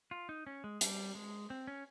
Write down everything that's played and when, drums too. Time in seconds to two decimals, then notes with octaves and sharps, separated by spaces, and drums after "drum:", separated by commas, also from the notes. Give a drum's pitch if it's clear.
0.11 F4
0.29 D#4
0.47 C#4
0.64 G#3
0.81 G3, drum: hi-hat
1.15 G#3
1.50 C4
1.67 C#4